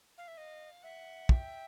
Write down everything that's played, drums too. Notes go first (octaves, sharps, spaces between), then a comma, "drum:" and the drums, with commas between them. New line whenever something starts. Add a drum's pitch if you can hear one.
F5
E5
D#5 F5
E5 F#5
G5, drum: kick